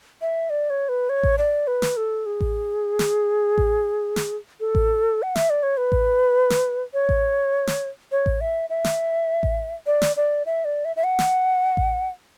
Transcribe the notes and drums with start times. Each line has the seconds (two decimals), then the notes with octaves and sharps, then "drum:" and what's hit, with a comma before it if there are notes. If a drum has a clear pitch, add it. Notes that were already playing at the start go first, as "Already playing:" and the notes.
0.21 E5
0.50 D5
0.70 C#5
0.89 B4
1.09 C#5
1.23 drum: kick A1
1.38 D5
1.67 B4
1.82 drum: snare
1.97 A4
2.26 G#4
2.41 drum: kick A1
2.99 drum: snare
3.58 drum: kick A1
4.16 drum: snare
4.60 A4
4.75 drum: kick A1
5.23 F#5
5.36 E5, drum: snare
5.50 D5
5.63 C#5
5.77 B4
5.92 drum: kick A1
6.50 drum: snare
6.94 C#5
7.09 drum: kick A1
7.67 drum: snare
8.12 C#5
8.26 drum: kick A1
8.41 E5
8.70 E5
8.84 drum: snare
9.43 drum: kick A1
9.87 D5
10.02 drum: snare
10.16 D5
10.46 E5
10.65 D5
10.85 E5
10.96 E5
11.04 F#5
11.19 drum: snare
11.77 drum: kick A1